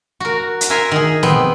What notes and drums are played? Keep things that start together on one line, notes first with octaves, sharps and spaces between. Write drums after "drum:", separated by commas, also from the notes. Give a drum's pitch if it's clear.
F#4 A#4
drum: hi-hat
A#4 E5 G#5 A#5 C6
D#3 G#4
B3 C4, drum: snare